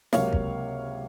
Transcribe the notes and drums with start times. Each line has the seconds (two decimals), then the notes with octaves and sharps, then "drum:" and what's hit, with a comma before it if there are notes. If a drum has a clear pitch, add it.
0.13 C#2 C3 F#3 A#3 C#5 F5, drum: snare
0.33 drum: kick